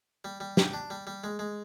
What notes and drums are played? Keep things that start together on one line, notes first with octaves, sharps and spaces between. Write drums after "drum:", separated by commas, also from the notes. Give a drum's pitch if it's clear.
G3
G3
G4, drum: snare
D4
G3
G3
G#3
G#3